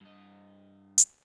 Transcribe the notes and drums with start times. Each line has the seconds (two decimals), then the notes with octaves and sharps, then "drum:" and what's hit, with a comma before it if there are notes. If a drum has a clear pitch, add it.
0.01 G2 D#5
0.98 drum: hi-hat